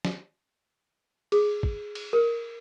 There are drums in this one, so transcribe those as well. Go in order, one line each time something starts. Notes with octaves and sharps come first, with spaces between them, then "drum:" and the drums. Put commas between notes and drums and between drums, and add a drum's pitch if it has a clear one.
drum: snare
G#4, drum: cymbal
drum: kick
drum: cymbal
A#4